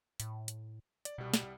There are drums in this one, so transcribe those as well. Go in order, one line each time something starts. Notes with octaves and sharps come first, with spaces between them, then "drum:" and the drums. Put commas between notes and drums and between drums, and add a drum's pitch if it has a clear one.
A2, drum: hi-hat
drum: hi-hat
D5, drum: hi-hat
C2 B2 G3
drum: snare